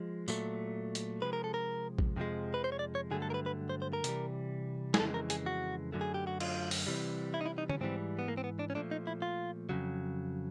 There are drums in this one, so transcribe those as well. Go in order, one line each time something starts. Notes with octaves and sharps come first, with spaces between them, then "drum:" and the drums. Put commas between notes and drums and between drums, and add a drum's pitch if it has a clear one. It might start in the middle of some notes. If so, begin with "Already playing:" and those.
Already playing: F3 G#3
A#2 F#3 A3, drum: tambourine
drum: hi-hat
C3 F3 G#3 B4
A#4
A4
A#4
drum: kick
F2 C3 F3 G#3
B4
C5
C#5
D5
C#5
G2 D3 F#3 A3 G#4
A4
A#4
B4
B4
C5
C5
A#4
C3 E3 G3, drum: hi-hat
G#4, drum: snare
F2 C#3 E3 G#3 A4
A#4
G#4, drum: hi-hat
F#4
F#2 D3 F#3 A3
G#4
G4
F#4
F4, drum: cymbal
drum: open hi-hat
C3 E3 G3
E4
D#4
E4
D#4
C#4, drum: tom
G#2 E3 G3 C4
B3
A#3
C4
B3
D4
C#4
A#2 F3 A3 D4
D#4
E4
F4
F2 C#3 F#3